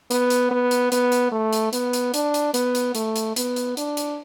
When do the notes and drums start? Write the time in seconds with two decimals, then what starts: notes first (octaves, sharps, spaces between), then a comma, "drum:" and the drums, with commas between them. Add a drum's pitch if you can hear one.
0.11 B3, drum: hi-hat
0.30 drum: hi-hat
0.51 B3
0.71 drum: hi-hat
0.92 B3, drum: hi-hat
1.12 drum: hi-hat
1.32 A3
1.53 drum: hi-hat
1.73 B3, drum: hi-hat
1.93 drum: hi-hat
2.14 D4, drum: hi-hat
2.34 drum: hi-hat
2.54 B3, drum: hi-hat
2.75 drum: hi-hat
2.95 A3, drum: hi-hat
3.16 drum: hi-hat
3.36 B3, drum: hi-hat
3.56 drum: hi-hat
3.77 D4, drum: hi-hat
3.97 drum: hi-hat